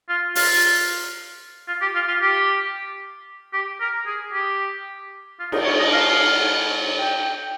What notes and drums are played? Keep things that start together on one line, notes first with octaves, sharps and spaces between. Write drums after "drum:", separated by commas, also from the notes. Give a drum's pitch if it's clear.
F4
F4, drum: open hi-hat
F4
G4
F4
F4
G4
G4
A#4
G#4
G4
F4
D#4, drum: cymbal
C#5
D#5
F5
G5